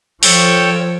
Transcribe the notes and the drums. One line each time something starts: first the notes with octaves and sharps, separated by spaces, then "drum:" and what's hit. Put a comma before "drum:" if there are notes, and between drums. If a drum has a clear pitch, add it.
F3 A4 C#5 G5, drum: open hi-hat